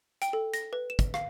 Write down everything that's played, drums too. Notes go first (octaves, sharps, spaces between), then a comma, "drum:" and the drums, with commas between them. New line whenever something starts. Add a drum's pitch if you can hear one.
G5, drum: hi-hat
A4
A#6, drum: hi-hat
B4
E7
drum: kick, hi-hat
F5, drum: rim click